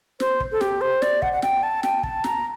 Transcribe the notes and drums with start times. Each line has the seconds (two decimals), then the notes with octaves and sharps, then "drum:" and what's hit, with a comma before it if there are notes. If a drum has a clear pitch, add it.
0.20 C5, drum: snare
0.40 drum: kick
0.52 A4
0.61 G4, drum: snare
0.81 C5
1.02 D5, drum: snare
1.22 F#5, drum: kick
1.33 F#5
1.42 G5, drum: snare
1.63 A5
1.83 G5, drum: snare
2.03 A5, drum: kick
2.24 A#5, drum: snare